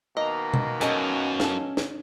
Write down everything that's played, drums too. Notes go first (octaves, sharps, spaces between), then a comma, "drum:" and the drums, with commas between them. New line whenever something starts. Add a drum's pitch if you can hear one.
B2 D#3 A#3 D#5 A#5
drum: tom B2
F#2 C#4 G#4 A4 D#5, drum: hi-hat
A4 F5, drum: snare
drum: snare